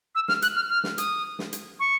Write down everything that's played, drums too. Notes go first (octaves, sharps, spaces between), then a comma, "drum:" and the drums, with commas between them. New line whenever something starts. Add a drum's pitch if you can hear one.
E6
F6, drum: snare
F#6, drum: hi-hat
F6
F6
drum: snare
D#6, drum: hi-hat
drum: snare
drum: hi-hat
C#6